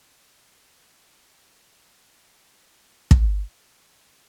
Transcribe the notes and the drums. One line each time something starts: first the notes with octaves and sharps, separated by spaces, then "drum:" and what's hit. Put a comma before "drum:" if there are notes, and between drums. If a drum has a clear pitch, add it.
A#3
G#3 G4
F3 B3
D#3 A3 D4
B2 A#5
drum: kick
B2 B4